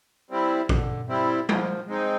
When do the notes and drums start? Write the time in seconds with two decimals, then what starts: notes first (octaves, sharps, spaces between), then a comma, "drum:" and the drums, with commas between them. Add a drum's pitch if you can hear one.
0.31 G3 C4 E4
0.69 D3, drum: kick
1.08 G3 C4 E4
1.49 F3, drum: tom G3
1.87 G#3 C4 D#4